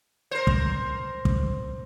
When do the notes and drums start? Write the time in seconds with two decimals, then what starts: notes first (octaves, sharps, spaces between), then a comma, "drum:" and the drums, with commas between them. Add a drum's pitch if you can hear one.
0.31 A#4 C5
0.47 drum: kick
1.25 drum: kick